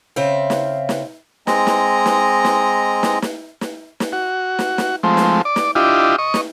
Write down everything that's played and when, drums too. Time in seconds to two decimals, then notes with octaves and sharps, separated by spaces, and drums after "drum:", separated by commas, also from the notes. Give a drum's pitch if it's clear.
0.16 C#3 C4 E5 F5
0.50 drum: snare
0.89 drum: snare
1.47 G#3 C4 D#5 A#5, drum: snare
1.67 drum: snare
2.06 drum: snare
2.45 drum: snare
3.03 drum: snare
3.22 drum: snare
3.61 drum: snare
4.00 drum: snare
4.13 F#4
4.59 drum: snare
4.78 drum: snare
5.03 F3 G#3 A3 C4
5.17 drum: snare
5.45 D5
5.56 drum: snare
5.75 D4 E4 F4 G4 D#5
6.18 D#5 C#6
6.34 drum: snare